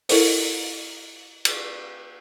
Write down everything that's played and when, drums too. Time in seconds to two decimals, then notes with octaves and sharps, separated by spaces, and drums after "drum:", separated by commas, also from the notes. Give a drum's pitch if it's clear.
0.09 E4 A4 A#4 C5, drum: open hi-hat
1.45 drum: cymbal